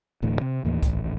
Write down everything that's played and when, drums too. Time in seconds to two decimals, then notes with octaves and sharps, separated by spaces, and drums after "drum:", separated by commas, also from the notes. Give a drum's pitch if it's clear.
0.22 D1 D2 A2 E3
0.41 C3
0.64 D#2 A2 E3 A#3
0.83 D#1 A1, drum: kick C2, hi-hat